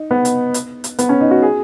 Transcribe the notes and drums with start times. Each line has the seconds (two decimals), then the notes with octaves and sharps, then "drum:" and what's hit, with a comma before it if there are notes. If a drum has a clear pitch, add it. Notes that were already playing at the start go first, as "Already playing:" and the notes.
Already playing: D#4
0.11 B3
0.25 drum: hi-hat
0.54 drum: hi-hat
0.84 drum: hi-hat
0.99 B3, drum: hi-hat
1.09 C#4
1.20 D#4
1.31 F#4
1.42 G#4